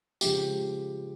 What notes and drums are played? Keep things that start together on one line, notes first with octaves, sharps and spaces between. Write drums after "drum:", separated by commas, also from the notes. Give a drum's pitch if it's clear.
C#3 F3 G#3 G4, drum: tambourine